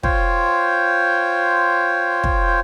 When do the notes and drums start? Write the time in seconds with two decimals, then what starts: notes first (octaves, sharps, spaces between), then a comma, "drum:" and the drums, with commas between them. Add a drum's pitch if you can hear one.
0.03 F4 C5 C#5 G5, drum: kick
2.24 drum: kick